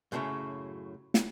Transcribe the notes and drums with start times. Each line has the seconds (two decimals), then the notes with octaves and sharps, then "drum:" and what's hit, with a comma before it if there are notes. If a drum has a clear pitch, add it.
0.12 F#2 A2 C#3 F3 F#3
1.14 drum: snare